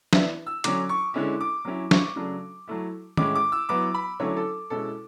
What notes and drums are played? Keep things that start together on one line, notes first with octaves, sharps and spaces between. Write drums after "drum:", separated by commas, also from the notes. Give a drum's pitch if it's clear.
E3 B3 D4 E5, drum: snare
E6
D3 F#3 C#4 D6, drum: hi-hat
C#6
D3 G#3 C#4 E4
D6
F#3 C#4 E4
C#6, drum: snare
C#3 F#3 A3 D4
F#3 A3 E4
A2 G#3 C#4 E4 D6, drum: tom D#3
D6
E6
F#3 B3 E4 D6
B5
D3 F#3 A3 C#4 E4 C#5
A4
B2 G#3 C#4 E4 A4